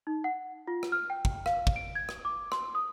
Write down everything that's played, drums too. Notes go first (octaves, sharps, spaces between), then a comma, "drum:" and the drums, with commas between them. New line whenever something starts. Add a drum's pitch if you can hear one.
D#4
F#5
F4
drum: rim click
F6
G5
drum: kick
F5, drum: rim click
drum: kick
D7
G#6
drum: rim click
D6
C6, drum: rim click
D#6